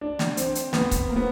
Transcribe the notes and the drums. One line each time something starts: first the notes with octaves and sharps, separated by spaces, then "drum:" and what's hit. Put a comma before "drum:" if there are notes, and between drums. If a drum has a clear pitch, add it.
D4
drum: snare
C4, drum: hi-hat
drum: hi-hat
B3, drum: snare
drum: kick C#1, hi-hat
A#3
B3